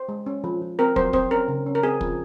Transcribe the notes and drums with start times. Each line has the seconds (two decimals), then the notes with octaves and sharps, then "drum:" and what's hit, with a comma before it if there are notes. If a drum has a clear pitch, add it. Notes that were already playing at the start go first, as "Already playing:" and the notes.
Already playing: C5
0.09 G#3
0.26 C#4
0.44 F3
0.62 F3
0.79 C4 A#4
0.96 F#3 C5, drum: kick
1.13 C4 C5, drum: kick
1.31 C#4 A#4
1.48 C#3
1.66 C#4
1.75 A#4
1.83 C4 G#4
2.01 F3, drum: kick